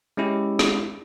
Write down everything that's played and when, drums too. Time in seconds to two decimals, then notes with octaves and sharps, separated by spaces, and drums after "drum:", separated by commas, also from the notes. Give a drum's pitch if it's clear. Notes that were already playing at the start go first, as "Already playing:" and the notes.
0.17 G#3 C#4 E4 G4
0.59 drum: snare